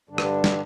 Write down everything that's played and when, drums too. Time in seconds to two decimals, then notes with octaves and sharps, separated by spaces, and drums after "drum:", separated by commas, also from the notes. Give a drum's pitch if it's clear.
0.09 G2 D3 G3 D4
0.18 drum: rim click
0.44 drum: snare